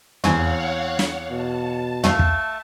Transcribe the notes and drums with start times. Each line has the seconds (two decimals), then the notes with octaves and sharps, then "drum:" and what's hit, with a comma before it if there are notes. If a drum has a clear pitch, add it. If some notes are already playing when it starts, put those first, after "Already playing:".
0.24 E2 C4 C#5 F5 F#5 G#5 C#6, drum: tom
0.99 drum: snare
1.31 B2 A5
2.04 A3 F5, drum: tom
2.19 drum: kick